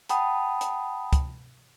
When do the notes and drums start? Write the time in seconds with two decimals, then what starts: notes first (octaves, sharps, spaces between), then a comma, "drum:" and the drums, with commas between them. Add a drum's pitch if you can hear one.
0.09 F#5 G5 A5 B5 D#6, drum: hi-hat
0.61 drum: hi-hat
1.13 drum: kick, hi-hat